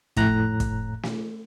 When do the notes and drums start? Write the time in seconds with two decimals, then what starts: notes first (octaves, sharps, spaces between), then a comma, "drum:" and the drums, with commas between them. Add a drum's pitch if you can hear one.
0.16 F2 A2 A#5 F#6, drum: kick, hi-hat
0.60 drum: kick, hi-hat
1.03 drum: snare